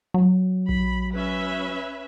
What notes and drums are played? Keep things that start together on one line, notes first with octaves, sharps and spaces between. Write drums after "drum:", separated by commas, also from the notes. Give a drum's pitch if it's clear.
F#3
B5, drum: kick A#1
C#4 B4 E5